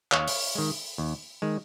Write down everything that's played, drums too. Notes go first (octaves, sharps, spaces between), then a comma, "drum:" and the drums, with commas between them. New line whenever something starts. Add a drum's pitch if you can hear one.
D#2 C#5 F5, drum: clap
drum: open hi-hat
D#3 G#3
D#2
D#3 G#3